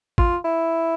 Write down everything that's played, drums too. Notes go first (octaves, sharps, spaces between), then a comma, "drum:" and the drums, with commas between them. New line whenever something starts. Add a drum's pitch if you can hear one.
F4, drum: kick
E4